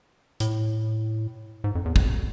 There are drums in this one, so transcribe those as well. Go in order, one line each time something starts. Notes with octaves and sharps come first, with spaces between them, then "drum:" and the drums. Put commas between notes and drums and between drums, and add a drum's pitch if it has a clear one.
A2, drum: hi-hat
G#2
F2
E2
F2, drum: kick